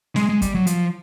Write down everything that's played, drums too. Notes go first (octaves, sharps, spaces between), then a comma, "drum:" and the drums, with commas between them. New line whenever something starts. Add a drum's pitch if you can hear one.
G#3, drum: snare
G#3
G3, drum: kick, hi-hat
F#3
F3, drum: hi-hat